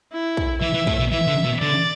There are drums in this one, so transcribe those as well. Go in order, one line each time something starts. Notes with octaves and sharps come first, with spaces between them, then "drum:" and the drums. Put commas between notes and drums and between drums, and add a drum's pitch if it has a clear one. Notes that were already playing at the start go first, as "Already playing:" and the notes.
E4
drum: kick
E3 E5
E3
A2, drum: kick
B2
E3 E5
D3
B2
D3 D5